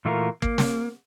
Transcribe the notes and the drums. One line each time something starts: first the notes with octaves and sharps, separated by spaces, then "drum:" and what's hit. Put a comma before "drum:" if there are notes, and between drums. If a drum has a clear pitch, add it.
A#2 E3 A3 F4 F#4 A#4
A#3, drum: kick
drum: snare